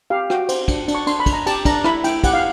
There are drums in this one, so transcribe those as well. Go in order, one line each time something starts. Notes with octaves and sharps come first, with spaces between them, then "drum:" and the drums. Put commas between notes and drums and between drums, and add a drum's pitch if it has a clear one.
G4 F5
F#4 G5, drum: rim click
C5, drum: cymbal
D4, drum: kick, cymbal
D4, drum: cymbal
C#6
D4 C6, drum: cymbal
B5
D4, drum: kick, cymbal
A#5
G4 A5, drum: cymbal
D4 A#5, drum: kick, cymbal
E4 B5, drum: rim click
E4 G5, drum: cymbal
G4 F#5, drum: kick, cymbal
F5